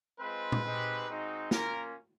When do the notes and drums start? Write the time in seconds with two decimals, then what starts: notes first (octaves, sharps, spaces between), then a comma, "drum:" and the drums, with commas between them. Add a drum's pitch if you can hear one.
0.20 G#3 C4 F4 B4
0.52 drum: tom A#2
0.64 G#3 C4 D#4 G4
1.08 G#3 C4 D#4 F#4
1.51 A#3 C#4 F4 A#4, drum: snare